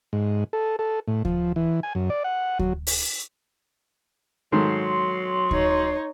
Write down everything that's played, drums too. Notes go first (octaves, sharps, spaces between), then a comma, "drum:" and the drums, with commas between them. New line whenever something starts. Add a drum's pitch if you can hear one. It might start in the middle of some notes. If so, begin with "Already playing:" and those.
G#2
A4
A4
A2
F3, drum: kick D2
E3
G#5
F#2
D5
F#5
F#3, drum: kick D2
drum: open hi-hat
G#2 D#3 F#3 A3 C6
D#4 C#5, drum: kick D2